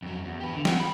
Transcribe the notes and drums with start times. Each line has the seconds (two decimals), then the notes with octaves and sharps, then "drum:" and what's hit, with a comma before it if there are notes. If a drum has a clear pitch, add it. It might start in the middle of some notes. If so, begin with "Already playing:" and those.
0.03 F2 F#3
0.25 E2
0.40 G4 B4
0.54 D3
0.65 F#5 G5, drum: snare
0.80 B5